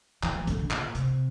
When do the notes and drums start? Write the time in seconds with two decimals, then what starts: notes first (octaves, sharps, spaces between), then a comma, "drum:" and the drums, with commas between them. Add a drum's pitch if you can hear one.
0.23 E3, drum: clap
0.35 F3
0.47 D3, drum: kick, hi-hat
0.59 D3
0.71 A#2, drum: clap
0.95 C3, drum: hi-hat